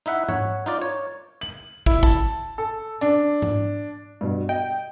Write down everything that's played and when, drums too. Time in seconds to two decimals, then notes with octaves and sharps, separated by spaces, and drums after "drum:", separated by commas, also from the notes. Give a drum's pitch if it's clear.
0.06 D#4 E4 E5 F#5
0.29 C#5 F#5, drum: tom G#2
0.66 D#4 F4 D5
0.82 C#5
1.41 F#7
1.86 E4, drum: kick
2.03 A5, drum: kick
2.58 A4
3.01 D4, drum: hi-hat
3.42 drum: tom G#2
4.21 G2 B2
4.49 D#5 G5